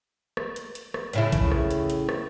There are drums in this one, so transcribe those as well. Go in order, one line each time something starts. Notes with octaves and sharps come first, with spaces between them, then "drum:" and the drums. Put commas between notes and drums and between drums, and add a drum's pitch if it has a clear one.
drum: rim click
drum: hi-hat
drum: hi-hat
drum: rim click
A2 C#3 E4, drum: hi-hat
drum: kick, hi-hat
drum: rim click
drum: hi-hat
drum: hi-hat
drum: rim click